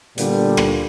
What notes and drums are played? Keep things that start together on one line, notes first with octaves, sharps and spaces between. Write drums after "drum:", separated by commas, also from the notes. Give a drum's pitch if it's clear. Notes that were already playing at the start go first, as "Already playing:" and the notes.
A#2 D3 G3 B3, drum: hi-hat
drum: rim click